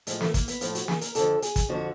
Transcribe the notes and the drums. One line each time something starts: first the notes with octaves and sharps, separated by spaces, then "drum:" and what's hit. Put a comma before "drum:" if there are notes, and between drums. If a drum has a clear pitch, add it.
A2 F3 G#3, drum: hi-hat
A3, drum: snare
A#3, drum: kick, hi-hat
B3, drum: hi-hat
A2 F3 F4, drum: hi-hat
F#4, drum: hi-hat
G#4, drum: snare
A#4, drum: hi-hat
F2 D3 F3 A4, drum: hi-hat
G#4, drum: hi-hat
drum: kick, hi-hat
F2 D3 F3 F#4